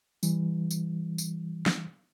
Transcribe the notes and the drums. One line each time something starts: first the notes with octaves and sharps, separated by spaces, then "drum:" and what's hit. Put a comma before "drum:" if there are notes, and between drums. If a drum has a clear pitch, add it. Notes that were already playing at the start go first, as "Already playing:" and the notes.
E3 G3, drum: tambourine
drum: tambourine
drum: tambourine
drum: snare